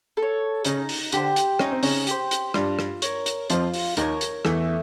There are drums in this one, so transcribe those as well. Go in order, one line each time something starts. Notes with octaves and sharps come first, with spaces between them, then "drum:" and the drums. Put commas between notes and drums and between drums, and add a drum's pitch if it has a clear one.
A4
C#5
C#3 C#4 D#4, drum: hi-hat
drum: open hi-hat
D3 D4 G4 C5, drum: hi-hat
drum: hi-hat
C#4 D#4, drum: rim click
C4
C#3 C#4, drum: open hi-hat
G4 C5, drum: hi-hat
drum: hi-hat
G2 G3 F4, drum: rim click
drum: rim click
A#4 C#5, drum: hi-hat
drum: hi-hat
F2 F3 F4, drum: hi-hat
drum: open hi-hat
D#2 D#3 A#4 C#5, drum: hi-hat
drum: hi-hat
E2 E3 A3, drum: rim click